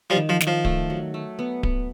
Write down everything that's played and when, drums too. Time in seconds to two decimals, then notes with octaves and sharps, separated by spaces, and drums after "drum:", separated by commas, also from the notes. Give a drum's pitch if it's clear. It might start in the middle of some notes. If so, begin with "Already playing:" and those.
0.10 F3 G3
0.16 D#3
0.29 F3
0.41 D#3, drum: snare
0.47 F3
0.65 A3, drum: kick D1
0.90 F#3
1.14 A3
1.39 B3
1.63 B3, drum: kick D1